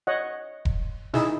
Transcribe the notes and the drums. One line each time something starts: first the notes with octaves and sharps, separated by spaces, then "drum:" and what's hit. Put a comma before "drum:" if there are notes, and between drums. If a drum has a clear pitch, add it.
C#5 D#5 F#5
drum: kick E1
D#4 E4 G#4 E6, drum: snare